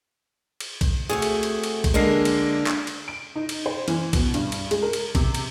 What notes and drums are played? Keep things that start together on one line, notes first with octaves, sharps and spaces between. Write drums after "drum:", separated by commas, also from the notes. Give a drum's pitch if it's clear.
drum: cymbal
drum: kick A#1, cymbal
C3 A3 F#4 G#4
drum: cymbal
drum: cymbal
drum: cymbal
drum: kick A#1, cymbal
D3 G#3 A#3 D4 A#4 C7
drum: cymbal
drum: clap
drum: cymbal
D7
D#4
drum: cymbal
C5
E3, drum: cymbal
B2, drum: kick A#1, cymbal
G2, drum: cymbal
drum: cymbal
G#3, drum: cymbal
A#4
drum: cymbal
C3, drum: kick A#1, cymbal
drum: cymbal